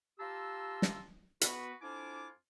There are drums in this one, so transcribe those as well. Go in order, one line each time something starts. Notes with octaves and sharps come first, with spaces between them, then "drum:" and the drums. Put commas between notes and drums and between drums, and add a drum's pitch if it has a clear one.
F4 G4 A5 A#5 C6 E6
drum: snare
B3 F#4 B4, drum: hi-hat
F2 D4 E4 F4 G#5 D6